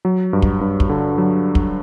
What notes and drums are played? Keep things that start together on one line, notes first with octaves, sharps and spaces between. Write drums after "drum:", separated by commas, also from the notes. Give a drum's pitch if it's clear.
F#3
G2
drum: kick
G2
drum: kick
D3
F#3
drum: kick